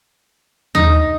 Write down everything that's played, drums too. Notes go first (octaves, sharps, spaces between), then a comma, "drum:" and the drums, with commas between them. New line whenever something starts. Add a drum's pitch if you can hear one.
D#4, drum: tom D#2